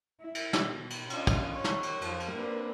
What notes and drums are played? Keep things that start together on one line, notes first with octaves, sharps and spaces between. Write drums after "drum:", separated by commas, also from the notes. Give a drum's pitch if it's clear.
E4
drum: cymbal
drum: snare
B2
drum: cymbal
C#4 D4 F4 D#5, drum: cymbal
drum: kick, cymbal
C#5
drum: snare
drum: cymbal
F2 F3, drum: cymbal
drum: cymbal
A#3 C4 D4 B4